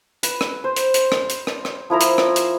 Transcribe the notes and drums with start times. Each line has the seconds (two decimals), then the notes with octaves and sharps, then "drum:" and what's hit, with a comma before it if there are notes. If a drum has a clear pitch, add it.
0.23 B4, drum: hi-hat
0.41 drum: rim click
0.64 C5
0.76 drum: hi-hat
0.94 drum: hi-hat
1.12 drum: rim click
1.29 drum: hi-hat
1.47 drum: rim click
1.65 drum: rim click
1.90 F3 E4 A#4 A#5
2.00 drum: hi-hat
2.18 drum: rim click
2.36 drum: hi-hat